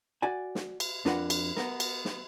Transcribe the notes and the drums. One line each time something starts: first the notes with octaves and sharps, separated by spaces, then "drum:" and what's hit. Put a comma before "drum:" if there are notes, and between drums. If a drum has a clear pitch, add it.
F#4 D5 G#5
drum: snare
drum: cymbal
F2 D4 F4 A#4 B4 F#5, drum: snare
drum: cymbal
B3 A#4, drum: snare
drum: cymbal
drum: snare